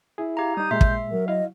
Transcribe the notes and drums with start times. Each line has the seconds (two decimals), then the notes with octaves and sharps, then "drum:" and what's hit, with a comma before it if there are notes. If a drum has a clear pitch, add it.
0.18 E4 G#4
0.37 G4 F5 A#5
0.57 G3 D#4 D#6 G6
0.71 A#2 G#3 E5 C6
0.81 drum: kick
1.12 F#3 A#4
1.28 E4 D#5 F5